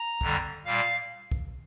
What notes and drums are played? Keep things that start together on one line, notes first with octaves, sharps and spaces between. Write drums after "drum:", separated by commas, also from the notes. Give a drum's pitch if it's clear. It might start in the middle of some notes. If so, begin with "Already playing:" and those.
Already playing: A#5
F2 D3 G3, drum: kick
A#2 G3 F5
drum: kick